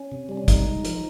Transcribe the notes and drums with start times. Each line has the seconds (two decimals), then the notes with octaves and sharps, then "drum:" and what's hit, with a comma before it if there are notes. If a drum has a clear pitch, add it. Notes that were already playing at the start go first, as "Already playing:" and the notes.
Already playing: C#4
0.12 C3
0.29 G3
0.37 C#4
0.48 C3 D#4, drum: kick, hi-hat
0.66 G#3
0.85 F3, drum: hi-hat